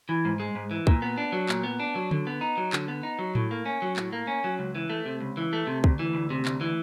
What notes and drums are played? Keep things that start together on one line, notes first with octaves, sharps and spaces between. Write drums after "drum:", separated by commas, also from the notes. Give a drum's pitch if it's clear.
E3
G#2
G#3
G#2
E3
A#2, drum: kick
B3
D4
F#3
A#2, drum: clap
B3
D4
F#3
D3, drum: tom D3
B3
D#4
F#3
D3, drum: clap
B3
D#4
F#3
A2, drum: tom A2
A#3
C#4
F#3
A2, drum: clap
A#3
C#4
F#3
C#2
E3
A3
C3
C#2
E3
A3
C3
D2, drum: kick
E3
D2
C3
D2, drum: clap
E3